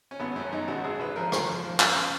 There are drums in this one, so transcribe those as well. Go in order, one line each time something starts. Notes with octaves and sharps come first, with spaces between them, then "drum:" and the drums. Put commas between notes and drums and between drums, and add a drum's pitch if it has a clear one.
C#4
G#1 B3
F#2 C#4
F#2 D#4
G#1 F#4
G#1 G#4
G#1 B4
F3 A#4
G#1 A#4, drum: rim click
F3
F3
F#2, drum: clap